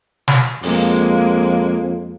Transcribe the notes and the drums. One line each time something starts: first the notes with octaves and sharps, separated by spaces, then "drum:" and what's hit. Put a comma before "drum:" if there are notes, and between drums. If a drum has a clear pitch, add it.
drum: snare
F2 G#3 A#3, drum: open hi-hat